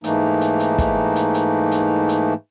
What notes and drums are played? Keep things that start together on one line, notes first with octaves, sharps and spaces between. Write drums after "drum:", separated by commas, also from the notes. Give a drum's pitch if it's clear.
G#2 E3 A3 A#3 D#4, drum: hi-hat
drum: hi-hat
drum: hi-hat
drum: kick, hi-hat
drum: hi-hat
drum: hi-hat
drum: hi-hat
drum: hi-hat